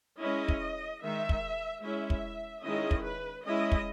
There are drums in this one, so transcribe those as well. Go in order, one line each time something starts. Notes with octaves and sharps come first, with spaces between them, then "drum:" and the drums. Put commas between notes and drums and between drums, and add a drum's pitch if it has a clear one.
G#3 C#4 E4 D#5
drum: kick
D#3 G#3 D#4 E5
drum: kick
G#3 C#4 E4 E5
drum: kick
D#3 G#3 C#4 E4 D#5
drum: kick
B4
G#3 C#4 E4 D#5
drum: kick